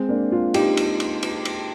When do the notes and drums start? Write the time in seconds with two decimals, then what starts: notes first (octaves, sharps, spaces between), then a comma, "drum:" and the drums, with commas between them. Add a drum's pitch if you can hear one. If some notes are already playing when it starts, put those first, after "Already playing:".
Already playing: G#3 C4
0.09 A#3 D4
0.32 D4 F4
0.54 D#4 G4, drum: cymbal
0.77 drum: cymbal
1.00 drum: cymbal
1.23 drum: cymbal
1.45 drum: cymbal